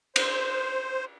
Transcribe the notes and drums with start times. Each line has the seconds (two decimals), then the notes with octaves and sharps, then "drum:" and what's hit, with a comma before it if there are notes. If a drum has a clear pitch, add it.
0.16 C5, drum: cymbal